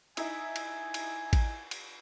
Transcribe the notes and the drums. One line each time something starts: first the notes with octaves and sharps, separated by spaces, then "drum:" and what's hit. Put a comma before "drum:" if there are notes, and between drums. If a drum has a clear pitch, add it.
D#4 E4 E5 G#5, drum: cymbal
drum: cymbal
drum: cymbal
drum: kick A1, cymbal
drum: cymbal